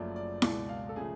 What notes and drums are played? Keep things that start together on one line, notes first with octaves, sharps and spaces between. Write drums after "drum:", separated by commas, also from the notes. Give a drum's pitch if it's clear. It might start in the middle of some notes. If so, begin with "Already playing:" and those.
Already playing: F#1 F#2 F3 A3 D5
D5
C#2 B2 G#3 D5, drum: snare E4
F5
A4
C#3 F3 A3 G#4